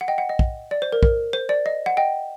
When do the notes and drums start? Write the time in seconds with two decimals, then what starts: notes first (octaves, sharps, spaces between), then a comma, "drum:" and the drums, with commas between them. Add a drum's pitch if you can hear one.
0.01 F#5
0.08 D#5 G5
0.18 F#5
0.29 D#5
0.39 drum: kick
0.71 D5
0.82 C5
0.92 A#4
1.03 A#4, drum: kick
1.33 C5
1.49 D5
1.66 D#5
1.86 F#5
1.97 D#5 G5